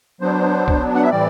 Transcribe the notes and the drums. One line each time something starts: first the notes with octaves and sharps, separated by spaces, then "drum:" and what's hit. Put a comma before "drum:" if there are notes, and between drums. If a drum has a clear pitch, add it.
F#3 B3 D4 C5
drum: kick C2
F#5
E5
A2 E3 G3 C4 D5